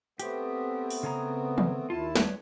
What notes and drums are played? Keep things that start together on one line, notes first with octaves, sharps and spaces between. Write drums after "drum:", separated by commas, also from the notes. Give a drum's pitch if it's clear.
A3 B3 C4 G4, drum: hi-hat
drum: open hi-hat
C#3 G#4 A#5
drum: tom
D#2 E4 F4 A5
G3 B4 C#5, drum: snare